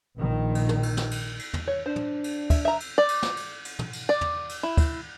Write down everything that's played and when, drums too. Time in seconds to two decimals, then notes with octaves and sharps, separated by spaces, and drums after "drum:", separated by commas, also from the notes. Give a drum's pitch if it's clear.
0.17 A#1 D#3
0.55 drum: cymbal
0.69 drum: tom
0.83 drum: cymbal
0.97 drum: snare
1.11 drum: cymbal
1.39 drum: cymbal
1.53 drum: tom
1.68 C#5
1.86 D4 C5
1.96 drum: tom
2.24 drum: cymbal
2.50 E5, drum: kick, cymbal
2.65 E5 A#5
2.80 drum: cymbal
2.98 D5
3.08 drum: cymbal
3.23 drum: snare
3.37 drum: cymbal
3.65 drum: cymbal
3.79 drum: tom
3.93 drum: cymbal
4.09 D5
4.21 drum: tom
4.49 drum: cymbal
4.63 E4
4.77 drum: kick, cymbal